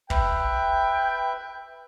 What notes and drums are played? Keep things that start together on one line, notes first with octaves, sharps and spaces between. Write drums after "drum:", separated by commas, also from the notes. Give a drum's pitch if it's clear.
B4 E5 G5, drum: kick